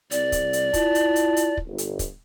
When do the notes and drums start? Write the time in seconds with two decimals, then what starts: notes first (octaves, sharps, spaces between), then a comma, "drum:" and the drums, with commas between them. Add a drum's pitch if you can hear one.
0.11 C2 D5, drum: hi-hat
0.32 drum: kick, hi-hat
0.53 drum: hi-hat
0.74 E4 F4 A5, drum: kick, hi-hat
0.95 drum: hi-hat
1.16 drum: hi-hat
1.37 drum: hi-hat
1.57 drum: kick
1.67 G1
1.78 drum: hi-hat
1.99 drum: kick, hi-hat